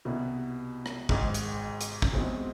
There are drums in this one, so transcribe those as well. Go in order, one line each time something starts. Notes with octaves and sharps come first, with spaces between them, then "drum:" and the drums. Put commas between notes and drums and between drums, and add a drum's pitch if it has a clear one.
C2 B2 B3 E4
drum: rim click
G#1 G#2 G#3, drum: kick
drum: hi-hat
drum: hi-hat
drum: kick
B1 B2 G#3 C4 E4